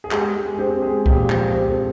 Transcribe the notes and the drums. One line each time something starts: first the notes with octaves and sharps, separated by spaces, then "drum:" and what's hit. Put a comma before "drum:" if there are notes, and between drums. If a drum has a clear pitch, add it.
G#4
G#3 G4, drum: clap
G#3
G#4
C4 G4
G#3 G#4
A#2 G4, drum: kick C2
F3, drum: clap
C4 G4
A4